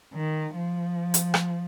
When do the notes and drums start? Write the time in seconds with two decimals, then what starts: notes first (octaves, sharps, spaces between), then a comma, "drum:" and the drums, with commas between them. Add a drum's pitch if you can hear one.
0.15 D#3
0.54 F3
1.14 drum: hi-hat
1.34 drum: rim click